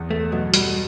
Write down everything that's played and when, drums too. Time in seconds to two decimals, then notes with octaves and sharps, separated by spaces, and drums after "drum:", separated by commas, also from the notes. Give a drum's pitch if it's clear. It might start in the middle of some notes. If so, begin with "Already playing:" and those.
Already playing: E2 B3
0.11 A3
0.32 B2 F#3
0.54 G3, drum: hi-hat